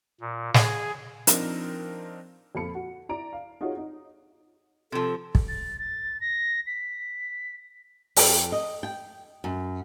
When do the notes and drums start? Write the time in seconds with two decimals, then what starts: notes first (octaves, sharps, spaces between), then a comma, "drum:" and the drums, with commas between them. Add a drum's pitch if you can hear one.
0.21 A#2
0.54 G#4, drum: snare
1.27 F3 C4 D4 D#4 A#4, drum: hi-hat
2.55 F2 A#2 F4 A4 B5 C#7
2.75 F#4
3.09 E4 D5 A#5 D7
3.33 F5
3.61 D#4 F4 F#4 G#4 C#5
3.77 D#4
4.92 C3 F3 A4
5.35 drum: kick
5.48 A6
5.79 A6
6.21 A#6
6.67 B6
8.16 F2, drum: open hi-hat
8.52 D#5
8.83 G5
9.44 F#2